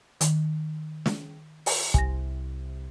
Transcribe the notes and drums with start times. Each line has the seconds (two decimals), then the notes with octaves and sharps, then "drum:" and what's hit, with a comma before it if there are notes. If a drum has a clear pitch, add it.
0.21 D#3, drum: hi-hat
1.06 drum: snare
1.66 drum: open hi-hat
1.94 C2 G#5 A#6, drum: kick